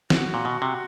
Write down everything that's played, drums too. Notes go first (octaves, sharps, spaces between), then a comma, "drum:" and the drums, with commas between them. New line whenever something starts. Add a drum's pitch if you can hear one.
F#4, drum: snare
A#2
B2
C3